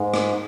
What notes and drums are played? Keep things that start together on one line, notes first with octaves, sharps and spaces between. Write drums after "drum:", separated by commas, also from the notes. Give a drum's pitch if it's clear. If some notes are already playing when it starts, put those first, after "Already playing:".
Already playing: G#2
drum: rim click